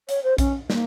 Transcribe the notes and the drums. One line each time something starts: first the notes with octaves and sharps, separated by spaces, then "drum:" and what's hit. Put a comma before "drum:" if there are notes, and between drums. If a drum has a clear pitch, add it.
C#5, drum: hi-hat
C5
C#4, drum: kick A#1, hi-hat
A#3, drum: snare